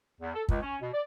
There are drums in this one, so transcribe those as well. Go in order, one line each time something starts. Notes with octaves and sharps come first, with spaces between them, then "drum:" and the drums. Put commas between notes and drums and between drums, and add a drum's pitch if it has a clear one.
E2
A4
C#2, drum: kick
C#4
B2
D5